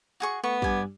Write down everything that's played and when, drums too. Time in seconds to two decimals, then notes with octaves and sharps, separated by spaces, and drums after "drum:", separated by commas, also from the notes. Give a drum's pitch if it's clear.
0.20 F#4 G#4 C#6
0.44 A3 B3 C#6
0.62 G2 G3 D5 G#5, drum: kick